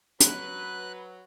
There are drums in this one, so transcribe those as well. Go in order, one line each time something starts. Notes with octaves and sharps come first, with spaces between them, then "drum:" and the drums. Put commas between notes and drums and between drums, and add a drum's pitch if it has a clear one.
F#3 B4 F#6, drum: hi-hat